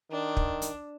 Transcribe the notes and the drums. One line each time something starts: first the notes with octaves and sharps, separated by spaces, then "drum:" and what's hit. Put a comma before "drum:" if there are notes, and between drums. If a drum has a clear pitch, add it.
D#3 D4
drum: kick
drum: hi-hat